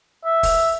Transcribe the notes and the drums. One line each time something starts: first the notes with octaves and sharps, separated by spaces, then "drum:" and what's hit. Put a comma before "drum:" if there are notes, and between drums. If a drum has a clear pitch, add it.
E5
drum: kick, open hi-hat